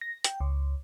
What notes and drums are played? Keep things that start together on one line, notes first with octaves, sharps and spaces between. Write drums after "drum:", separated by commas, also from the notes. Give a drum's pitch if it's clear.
A#6
G5, drum: hi-hat
C#2